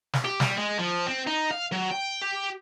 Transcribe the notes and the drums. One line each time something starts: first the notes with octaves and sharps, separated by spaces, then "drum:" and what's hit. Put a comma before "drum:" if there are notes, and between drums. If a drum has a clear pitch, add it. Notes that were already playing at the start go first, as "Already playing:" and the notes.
drum: snare
G4
G3, drum: snare
G#3
F3
C4
D#4
F5
F#3
G5
G4